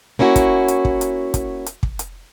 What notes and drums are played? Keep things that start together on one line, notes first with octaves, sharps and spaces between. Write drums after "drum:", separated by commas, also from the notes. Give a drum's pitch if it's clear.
A#3 C#4 E4 F#4
drum: kick, hi-hat
drum: hi-hat
drum: kick
drum: hi-hat
drum: kick, hi-hat
drum: hi-hat
drum: kick
drum: hi-hat